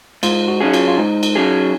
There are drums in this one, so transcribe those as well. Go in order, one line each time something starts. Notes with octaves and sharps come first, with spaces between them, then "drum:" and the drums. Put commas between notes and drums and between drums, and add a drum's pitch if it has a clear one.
G#2 F4, drum: cymbal
F#4
F#3 C#4 D#4 G#4
F4, drum: cymbal
F4
G#2 D#4
drum: cymbal
F#3 C#4 G#4